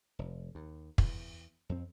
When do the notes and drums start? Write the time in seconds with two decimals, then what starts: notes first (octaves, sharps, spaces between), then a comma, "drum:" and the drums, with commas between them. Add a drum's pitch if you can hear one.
0.19 F1
0.55 D#2
0.98 E2, drum: kick
1.69 F2 C4